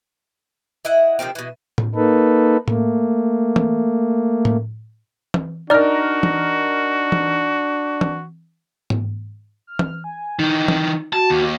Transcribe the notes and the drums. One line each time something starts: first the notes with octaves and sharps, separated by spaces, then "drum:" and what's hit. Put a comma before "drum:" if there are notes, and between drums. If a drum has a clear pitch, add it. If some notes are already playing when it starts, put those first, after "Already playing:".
E4 D#5 F#5
C3 D#3 F3 C4
B2 E3
drum: tom A2
A#3 D#4 A4 B4
A3 A#3, drum: tom A2
drum: tom E3
drum: tom A2
drum: tom E3
D4 D#4 F#4 A#4 D5 F6
drum: tom E3
drum: tom E3
drum: tom E3
drum: tom G#2
F6
drum: tom E3
G#5
D#3 E3 D#4
drum: tom E3
F#4 A5
D#2